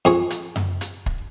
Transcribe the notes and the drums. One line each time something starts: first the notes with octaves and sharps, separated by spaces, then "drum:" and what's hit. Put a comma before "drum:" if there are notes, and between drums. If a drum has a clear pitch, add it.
F2 G#4 C#6
drum: hi-hat
drum: tom F#2
drum: hi-hat
drum: kick